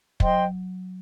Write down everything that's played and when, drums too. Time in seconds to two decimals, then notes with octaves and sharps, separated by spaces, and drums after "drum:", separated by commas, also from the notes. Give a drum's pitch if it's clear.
0.20 F#3 C5 D#5 G5 C6, drum: kick